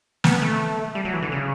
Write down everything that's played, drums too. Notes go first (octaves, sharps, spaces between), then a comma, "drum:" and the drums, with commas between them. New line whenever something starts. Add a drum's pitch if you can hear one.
B3, drum: snare
A3
G3
F#3
E3
D3
C#3